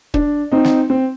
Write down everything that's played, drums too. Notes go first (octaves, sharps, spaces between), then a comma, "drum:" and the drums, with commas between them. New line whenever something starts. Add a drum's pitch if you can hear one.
D4, drum: kick
C4 D#4
drum: snare
C4